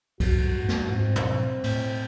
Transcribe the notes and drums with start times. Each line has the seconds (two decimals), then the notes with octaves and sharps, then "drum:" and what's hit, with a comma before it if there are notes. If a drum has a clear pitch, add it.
0.20 F#2 F#4, drum: kick C2, cymbal
0.44 G2
0.64 G#2
0.69 G2, drum: snare
0.91 G#2 C4
1.16 drum: tom
1.64 A2, drum: cymbal